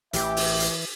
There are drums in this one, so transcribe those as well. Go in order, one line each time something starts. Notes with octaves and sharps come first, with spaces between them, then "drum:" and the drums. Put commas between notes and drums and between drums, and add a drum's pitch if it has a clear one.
A1 E3 G4 E5, drum: hi-hat
drum: open hi-hat
drum: hi-hat